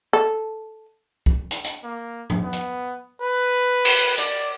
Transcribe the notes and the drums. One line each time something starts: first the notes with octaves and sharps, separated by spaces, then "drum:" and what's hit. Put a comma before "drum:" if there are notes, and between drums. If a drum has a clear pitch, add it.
A4
drum: kick C2
drum: hi-hat
drum: hi-hat
A#3
drum: tom
B3
drum: hi-hat
B4
drum: cymbal
D5, drum: hi-hat